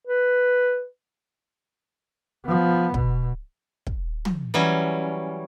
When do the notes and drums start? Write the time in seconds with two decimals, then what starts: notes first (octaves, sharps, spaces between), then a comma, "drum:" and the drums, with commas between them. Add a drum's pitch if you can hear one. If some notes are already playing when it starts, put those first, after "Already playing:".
0.08 B4
2.45 F3 B3
2.94 B2, drum: kick
3.86 drum: kick
4.25 drum: tom
4.54 E3 F#3 G3 C#4